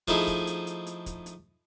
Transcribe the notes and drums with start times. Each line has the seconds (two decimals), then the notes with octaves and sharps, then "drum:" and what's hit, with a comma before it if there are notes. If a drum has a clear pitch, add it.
0.08 F3 A3 D#4 E4 G#4, drum: kick, hi-hat
0.27 drum: kick, hi-hat
0.47 drum: hi-hat
0.67 drum: hi-hat
0.87 drum: hi-hat
1.06 drum: kick, hi-hat
1.26 drum: hi-hat